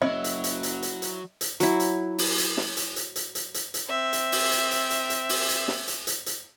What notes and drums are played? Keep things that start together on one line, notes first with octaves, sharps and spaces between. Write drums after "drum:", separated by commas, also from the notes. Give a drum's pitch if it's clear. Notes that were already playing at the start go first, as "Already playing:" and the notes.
F#1 F#3 E4 D#5
drum: hi-hat
drum: hi-hat
drum: hi-hat
drum: hi-hat
drum: hi-hat
drum: hi-hat
F#3 E4, drum: hi-hat
drum: hi-hat
drum: open hi-hat
drum: hi-hat
drum: snare
drum: hi-hat
drum: hi-hat
drum: hi-hat
drum: hi-hat
drum: hi-hat
drum: hi-hat
C4 E5
drum: hi-hat
drum: open hi-hat
drum: hi-hat
drum: hi-hat
drum: hi-hat
drum: hi-hat
drum: open hi-hat
drum: hi-hat
drum: snare
drum: hi-hat
drum: hi-hat
drum: hi-hat